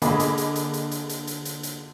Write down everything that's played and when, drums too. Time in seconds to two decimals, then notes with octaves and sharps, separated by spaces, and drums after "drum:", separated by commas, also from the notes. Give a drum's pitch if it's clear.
0.02 D3 A#3 G#4 D#5 B5 D6, drum: hi-hat
0.20 drum: hi-hat
0.38 drum: hi-hat
0.56 drum: hi-hat
0.73 drum: hi-hat
0.91 drum: hi-hat
1.09 drum: hi-hat
1.27 drum: hi-hat
1.45 drum: hi-hat
1.63 drum: hi-hat